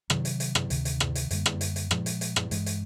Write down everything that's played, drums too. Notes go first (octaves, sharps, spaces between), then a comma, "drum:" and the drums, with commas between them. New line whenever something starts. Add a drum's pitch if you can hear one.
C3 D#3 F#3, drum: rim click
drum: hi-hat
drum: hi-hat
drum: rim click
D2 C3 D#3, drum: hi-hat
drum: hi-hat
drum: rim click
drum: hi-hat
F#2 D3 G3 A#3, drum: hi-hat
drum: rim click
drum: hi-hat
drum: hi-hat
A#2 F3 G#3, drum: rim click
drum: hi-hat
drum: hi-hat
drum: rim click
G2 E3 G#3, drum: hi-hat
drum: hi-hat